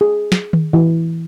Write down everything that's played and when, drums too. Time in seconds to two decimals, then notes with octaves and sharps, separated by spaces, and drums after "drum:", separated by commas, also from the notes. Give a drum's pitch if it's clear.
0.01 G#4
0.32 drum: snare
0.53 drum: tom D#3
0.73 E3